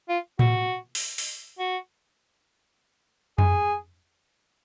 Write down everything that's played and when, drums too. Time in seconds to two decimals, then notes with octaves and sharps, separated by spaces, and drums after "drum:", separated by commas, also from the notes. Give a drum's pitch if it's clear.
0.09 F4
0.39 F#4, drum: tom A2
0.95 drum: open hi-hat
1.18 drum: open hi-hat
1.59 F#4
3.38 G#4, drum: tom F2